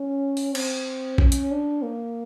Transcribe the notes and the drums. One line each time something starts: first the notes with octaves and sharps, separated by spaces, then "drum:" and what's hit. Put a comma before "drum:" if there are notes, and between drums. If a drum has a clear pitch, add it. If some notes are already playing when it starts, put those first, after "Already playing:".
Already playing: C#4
drum: open hi-hat
C4, drum: cymbal
C#4, drum: kick
drum: hi-hat
D4
A#3